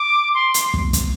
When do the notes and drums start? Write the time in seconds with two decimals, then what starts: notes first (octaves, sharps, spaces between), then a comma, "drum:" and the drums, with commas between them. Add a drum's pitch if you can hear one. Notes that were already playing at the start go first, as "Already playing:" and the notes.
Already playing: D6
0.34 C6
0.54 drum: hi-hat
0.74 drum: kick
0.93 drum: kick, hi-hat